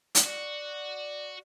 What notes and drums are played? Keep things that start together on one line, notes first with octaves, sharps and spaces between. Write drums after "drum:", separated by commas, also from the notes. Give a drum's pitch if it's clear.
drum: hi-hat
F#4 D5